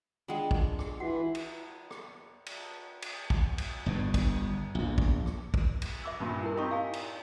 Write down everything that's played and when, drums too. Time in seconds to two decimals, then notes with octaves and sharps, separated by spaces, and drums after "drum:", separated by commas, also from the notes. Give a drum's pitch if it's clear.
0.28 G#3 D4 F4 F#5 G5
0.51 drum: kick
0.79 drum: rim click
1.00 E3 F#4 F#5
1.35 drum: cymbal
1.91 drum: rim click
2.46 drum: cymbal
3.02 drum: cymbal
3.30 drum: kick
3.58 drum: cymbal
3.86 G1 G2 B2
4.14 drum: kick, cymbal
4.75 A#1 E2
4.98 drum: kick
5.26 drum: rim click
5.54 drum: kick
5.82 drum: cymbal
6.04 E5 D6 E6
6.20 G2 A#2
6.43 E4 A#4
6.56 C4 D#4 E4 G4 C#6
6.69 E4 F5 G#5
6.93 drum: cymbal